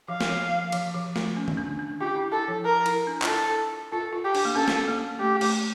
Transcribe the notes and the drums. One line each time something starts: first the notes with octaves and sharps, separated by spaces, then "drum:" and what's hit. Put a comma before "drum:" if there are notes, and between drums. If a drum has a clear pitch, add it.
F3 F5
drum: snare
F3
F3, drum: cymbal
F3
A3, drum: snare
C#4
drum: tom D3
D4
D4
F4 G4
E4
E4 A4
F3
A#4
E4, drum: cymbal
D4
F4, drum: clap
E4 A4
F4 A4
F4
G4
D4, drum: cymbal
A#3
C#4 A4
drum: snare
A#3
A3 G4
A3, drum: cymbal